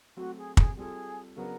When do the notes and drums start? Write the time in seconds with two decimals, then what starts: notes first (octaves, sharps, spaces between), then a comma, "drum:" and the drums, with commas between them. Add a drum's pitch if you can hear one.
0.17 F#3 A3 C4 F#4
0.38 G#4
0.57 G#4, drum: kick
0.77 G3 C4 F4 G#4 A4
1.36 C#3 F#3 B3 D4 F#4 A#4